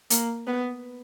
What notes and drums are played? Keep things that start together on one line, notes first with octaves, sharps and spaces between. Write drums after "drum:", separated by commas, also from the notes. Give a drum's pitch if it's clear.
A#3, drum: hi-hat
B3